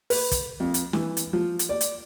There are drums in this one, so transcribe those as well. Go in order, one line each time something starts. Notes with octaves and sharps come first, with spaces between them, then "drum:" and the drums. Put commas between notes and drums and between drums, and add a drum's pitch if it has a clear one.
B4, drum: open hi-hat
drum: kick, hi-hat
F2
drum: hi-hat
E3, drum: snare
drum: hi-hat
F3
drum: hi-hat
D5
drum: hi-hat